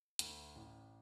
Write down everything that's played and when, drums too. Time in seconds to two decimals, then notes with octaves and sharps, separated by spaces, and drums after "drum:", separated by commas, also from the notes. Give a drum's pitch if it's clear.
0.19 D2, drum: hi-hat
0.56 A1